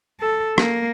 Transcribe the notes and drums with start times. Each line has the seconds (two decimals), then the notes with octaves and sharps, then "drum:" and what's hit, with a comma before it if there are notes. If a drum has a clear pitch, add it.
0.21 A4
0.58 A#3, drum: rim click